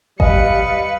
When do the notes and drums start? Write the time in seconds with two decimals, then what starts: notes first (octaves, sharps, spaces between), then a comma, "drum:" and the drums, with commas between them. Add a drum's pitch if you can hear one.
0.20 G3 B4 D#5 F5 C#7, drum: kick G#1